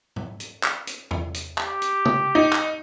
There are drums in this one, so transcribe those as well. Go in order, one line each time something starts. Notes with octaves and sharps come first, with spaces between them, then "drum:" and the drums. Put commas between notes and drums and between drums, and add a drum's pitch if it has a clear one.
drum: tom G#2
drum: hi-hat
drum: clap
drum: hi-hat
drum: tom
drum: hi-hat
G4, drum: clap
drum: hi-hat
drum: tom
D#4
drum: clap